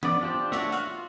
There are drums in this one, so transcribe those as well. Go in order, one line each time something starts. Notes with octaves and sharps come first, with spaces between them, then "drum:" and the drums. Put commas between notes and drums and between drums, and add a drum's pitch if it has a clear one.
B3 D5, drum: tom E3
D4 F4 G4 C5
D4 F#4 C#5 E5, drum: snare
F#4 F5, drum: hi-hat
F4